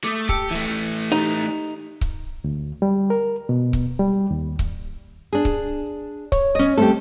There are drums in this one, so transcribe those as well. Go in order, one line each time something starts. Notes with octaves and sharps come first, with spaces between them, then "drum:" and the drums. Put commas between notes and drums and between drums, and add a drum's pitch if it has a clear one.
A3 D6 D#6
G4 A5 E6 C#7, drum: kick C#1
E3 A3 E5
D#4 G4
drum: kick C#1
D2
G3
A#4
B2
drum: kick C#1
G3
D#2
drum: kick C#1
D4 G#4
drum: kick C#1
C#5, drum: kick C#1
C#4 D#5
G3 A3 C4 G4 A4